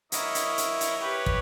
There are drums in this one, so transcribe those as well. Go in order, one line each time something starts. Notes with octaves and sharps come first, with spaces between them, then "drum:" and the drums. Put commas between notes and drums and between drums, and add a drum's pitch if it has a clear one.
E4 A#4 C#5 D#5, drum: hi-hat
drum: hi-hat
drum: hi-hat
drum: hi-hat
G4 B4 C#5
drum: kick